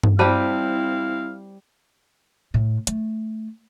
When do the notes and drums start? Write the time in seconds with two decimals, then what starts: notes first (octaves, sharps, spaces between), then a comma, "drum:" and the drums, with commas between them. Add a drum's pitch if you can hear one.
0.03 drum: tom G2
0.19 G3 C4 E4 G4 C5 F5 A5
2.54 A2
2.87 A3, drum: hi-hat